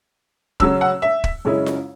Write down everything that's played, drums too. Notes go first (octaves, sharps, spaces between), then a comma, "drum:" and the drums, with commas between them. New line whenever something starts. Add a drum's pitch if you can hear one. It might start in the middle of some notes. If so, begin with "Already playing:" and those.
C#3 F#3 C#4 E6, drum: kick
F#5
E5
drum: kick
F#2 C#3 G#3 C#4 E4
drum: snare F4